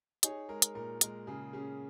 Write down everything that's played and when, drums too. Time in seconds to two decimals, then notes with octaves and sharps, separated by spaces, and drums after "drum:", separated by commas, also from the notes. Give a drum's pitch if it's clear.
0.23 D#4 G#4 C#5, drum: hi-hat
0.49 G#3 A#4
0.62 drum: hi-hat
0.75 A#2 A#4
1.01 G#3 A#4, drum: hi-hat
1.27 C#3 G#4
1.53 C#4 G#4